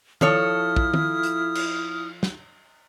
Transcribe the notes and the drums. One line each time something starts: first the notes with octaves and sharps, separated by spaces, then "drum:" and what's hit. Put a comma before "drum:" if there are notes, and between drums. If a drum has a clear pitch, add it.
F3 E4 A4 C#5 D#6 F6, drum: tom
drum: kick
drum: tom
drum: hi-hat
drum: cymbal
drum: snare